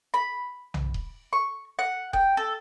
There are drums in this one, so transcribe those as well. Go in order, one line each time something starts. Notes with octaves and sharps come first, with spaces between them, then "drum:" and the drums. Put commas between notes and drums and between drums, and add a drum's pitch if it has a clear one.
B5
drum: tom B1
drum: kick D#1
C#6
F#5
G5, drum: kick D#1
A4